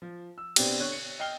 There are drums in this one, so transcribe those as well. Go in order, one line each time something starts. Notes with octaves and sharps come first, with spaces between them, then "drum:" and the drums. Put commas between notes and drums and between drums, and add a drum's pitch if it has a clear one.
F3
E6
B2 B3 C4 D4 G4, drum: cymbal
D3 C#5 F#6
C#7
D#5 G5 F6 C7 G7